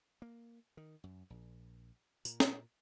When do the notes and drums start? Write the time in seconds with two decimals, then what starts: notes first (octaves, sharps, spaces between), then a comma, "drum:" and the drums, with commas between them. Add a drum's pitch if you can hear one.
0.22 A#3
0.77 D#3
1.04 F#2
1.30 A#1
2.25 A#2, drum: tambourine
2.40 drum: snare